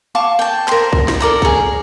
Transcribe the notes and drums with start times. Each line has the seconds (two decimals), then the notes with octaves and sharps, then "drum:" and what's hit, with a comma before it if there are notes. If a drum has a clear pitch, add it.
0.15 F5 A5 C#6 D6
0.39 G5 A5
0.68 A#4 C5, drum: clap
0.93 drum: kick
1.08 drum: snare
1.20 A4 A#4 D5 A#5
1.42 G#4 C#5, drum: kick